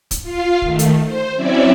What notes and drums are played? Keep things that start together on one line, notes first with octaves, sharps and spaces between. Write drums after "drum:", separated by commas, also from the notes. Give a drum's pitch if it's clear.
drum: kick, hi-hat
F4 F5
D#3 A3, drum: kick
drum: hi-hat
C5
F#3 C4 C#4 E4 D5 E5